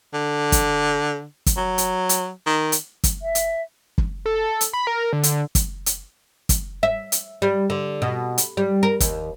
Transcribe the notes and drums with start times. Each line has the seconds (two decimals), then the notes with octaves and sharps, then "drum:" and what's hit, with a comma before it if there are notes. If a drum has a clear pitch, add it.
0.14 D3
0.52 drum: kick, hi-hat
1.46 drum: kick, hi-hat
1.57 F#3
1.78 drum: hi-hat
2.09 drum: hi-hat
2.46 D#3
2.72 drum: hi-hat
3.04 drum: kick, hi-hat
3.22 E5
3.35 drum: hi-hat
3.98 drum: kick
4.26 A4
4.61 drum: hi-hat
4.73 B5
4.87 A#4
5.13 D3
5.23 drum: hi-hat
5.55 drum: kick, hi-hat
5.86 drum: hi-hat
6.49 drum: kick, hi-hat
6.83 E5
7.12 drum: hi-hat
7.42 G3
7.70 D3
8.02 B2
8.38 drum: hi-hat
8.57 G3
8.83 A#4
9.00 D#2, drum: kick, hi-hat